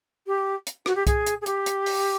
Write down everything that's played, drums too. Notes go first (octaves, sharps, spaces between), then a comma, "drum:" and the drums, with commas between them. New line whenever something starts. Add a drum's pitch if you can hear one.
G4
drum: hi-hat
F#4, drum: rim click
G4
G#4, drum: kick, hi-hat
drum: hi-hat
G#4
G4, drum: hi-hat
drum: hi-hat
drum: open hi-hat